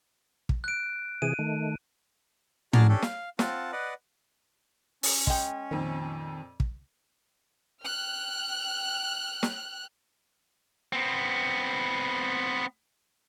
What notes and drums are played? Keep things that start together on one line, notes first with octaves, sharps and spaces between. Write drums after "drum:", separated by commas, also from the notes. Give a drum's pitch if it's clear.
drum: kick
F#6 D7
C3 E3 G#4 D#7
D#3 A3
F#4 G#4 D5 A5 A#5 F6, drum: tom
C#4 D4 G4 A4
F5, drum: snare
C4 F4 F#5 A5, drum: snare
B4 D5 D#5 F#5
C#4, drum: open hi-hat
G#3 G5, drum: kick
F2 A#2 D#3 C4
drum: kick
G5 F6 F#6
drum: snare
B3 C4